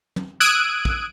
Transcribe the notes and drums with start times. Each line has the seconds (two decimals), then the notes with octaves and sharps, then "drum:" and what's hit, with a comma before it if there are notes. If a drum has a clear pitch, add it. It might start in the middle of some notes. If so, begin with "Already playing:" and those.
0.16 drum: tom
0.40 D#6 E6 F#6 G#6 D7 D#7
0.85 drum: kick